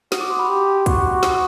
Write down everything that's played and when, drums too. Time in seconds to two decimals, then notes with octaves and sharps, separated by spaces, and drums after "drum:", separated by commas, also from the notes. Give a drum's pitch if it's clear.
0.12 F#4 D#6, drum: snare
0.21 D6
0.30 C6
0.39 B5
0.49 G4 C6
0.86 F#4 C#6, drum: kick, hi-hat
1.23 D#6, drum: snare